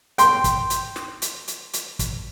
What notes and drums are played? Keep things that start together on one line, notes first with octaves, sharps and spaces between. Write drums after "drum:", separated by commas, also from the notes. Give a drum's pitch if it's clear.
G5 C6, drum: hi-hat
drum: kick, hi-hat
drum: hi-hat
drum: snare
drum: hi-hat
drum: hi-hat
drum: hi-hat
drum: kick, hi-hat